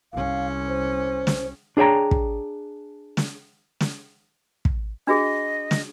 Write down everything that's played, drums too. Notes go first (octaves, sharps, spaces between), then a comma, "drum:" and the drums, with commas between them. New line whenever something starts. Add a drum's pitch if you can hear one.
C2 C#4 F5
C5
drum: snare
D4 G#4 C#5 G5 A#5
drum: kick
drum: snare
drum: snare
drum: kick
D4 F#4 G#4 D#5
drum: snare